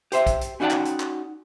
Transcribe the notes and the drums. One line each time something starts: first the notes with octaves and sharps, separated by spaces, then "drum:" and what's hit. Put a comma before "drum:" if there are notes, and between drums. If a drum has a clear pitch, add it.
G4 C5 E5, drum: hi-hat
drum: kick, hi-hat
drum: hi-hat
C#4 D#4 F#4 D5 G5 A5
drum: clap
drum: hi-hat
drum: clap